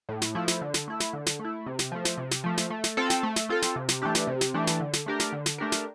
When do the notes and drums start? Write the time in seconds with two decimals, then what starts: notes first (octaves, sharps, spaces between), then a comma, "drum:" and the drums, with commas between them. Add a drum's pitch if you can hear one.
0.09 A2
0.22 drum: snare
0.35 F3 A3 E4
0.48 drum: snare
0.62 D3
0.74 drum: snare
0.88 A3 E4
1.00 drum: snare
1.13 D3
1.26 drum: snare
1.39 A3
1.45 E4
1.66 C3
1.79 drum: snare
1.92 F3 A3
2.05 drum: snare
2.18 C3
2.31 drum: snare
2.44 F3 A3
2.57 drum: snare
2.70 A3
2.84 drum: snare
2.97 C4 F4 A4
3.10 drum: snare
3.23 A3
3.36 drum: snare
3.49 C4 F4 A4
3.62 drum: snare
3.76 C3
3.89 drum: snare
4.02 E3 A3 D4 G4
4.15 drum: snare
4.27 C3
4.41 drum: snare
4.54 E3 A3 D4 G4
4.67 drum: snare
4.80 D3
4.93 drum: snare
5.06 A3 D4 G4 A#4
5.20 drum: snare
5.33 D3
5.46 drum: snare
5.58 A3 D4 G4 A#4
5.72 drum: snare